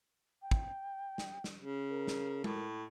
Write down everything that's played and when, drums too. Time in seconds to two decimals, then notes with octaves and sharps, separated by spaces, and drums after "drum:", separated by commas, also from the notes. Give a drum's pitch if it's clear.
0.42 G5
0.51 drum: kick
1.18 drum: snare
1.44 drum: snare
1.61 C#3
1.90 A#4
2.07 drum: snare
2.44 A2, drum: tom G#3